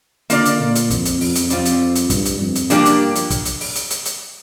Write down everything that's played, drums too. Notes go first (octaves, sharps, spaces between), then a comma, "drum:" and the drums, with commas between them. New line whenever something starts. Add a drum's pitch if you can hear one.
D3 A#3 F4 D5, drum: hi-hat
drum: hi-hat
A#2
drum: hi-hat
F2, drum: kick, hi-hat
drum: hi-hat
F2, drum: open hi-hat
drum: hi-hat
F2 G3 C4 F4, drum: hi-hat
drum: hi-hat
drum: hi-hat
G2, drum: kick, hi-hat
drum: hi-hat
F2
drum: hi-hat
G2 F3 A#3 D4 G4, drum: hi-hat
drum: hi-hat
drum: hi-hat
drum: kick, hi-hat
drum: hi-hat
drum: open hi-hat
drum: hi-hat
drum: hi-hat
drum: hi-hat